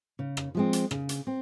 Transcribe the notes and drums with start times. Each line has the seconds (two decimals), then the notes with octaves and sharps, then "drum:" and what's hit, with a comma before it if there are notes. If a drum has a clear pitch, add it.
0.19 C#3
0.37 drum: rim click
0.55 F3 G#3 C4
0.73 drum: hi-hat
0.91 C#3, drum: rim click
1.09 drum: hi-hat
1.27 C4